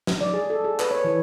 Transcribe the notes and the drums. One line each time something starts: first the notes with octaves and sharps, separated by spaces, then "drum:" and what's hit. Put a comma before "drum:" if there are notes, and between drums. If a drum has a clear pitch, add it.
drum: snare
D5
G#4
A4
G#4
B4, drum: clap
C#5
E3